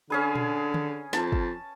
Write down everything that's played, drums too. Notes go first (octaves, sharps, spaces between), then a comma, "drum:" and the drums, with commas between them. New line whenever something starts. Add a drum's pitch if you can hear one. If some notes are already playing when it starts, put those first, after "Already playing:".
D3 C#4 G#4 B4
drum: tom A#2
drum: tom D3
F2 A5, drum: snare
drum: kick